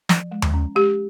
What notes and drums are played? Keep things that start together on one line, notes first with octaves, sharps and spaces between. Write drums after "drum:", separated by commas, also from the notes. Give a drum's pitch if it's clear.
F3, drum: snare
G#3
drum: tom D#2
C#4
G#3 G4